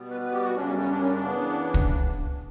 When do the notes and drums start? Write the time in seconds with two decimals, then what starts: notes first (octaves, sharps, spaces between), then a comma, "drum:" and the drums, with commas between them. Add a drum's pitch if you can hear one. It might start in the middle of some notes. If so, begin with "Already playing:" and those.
Already playing: B2 G3 B3
0.10 B4
0.21 B4
0.32 G4
0.44 F#4
0.55 F#2 C#3 G3 C#4 D4
0.67 C#4
0.78 C#4
0.89 D4
1.00 C#4
1.12 D4
1.23 C#3 E3 B3
1.74 drum: kick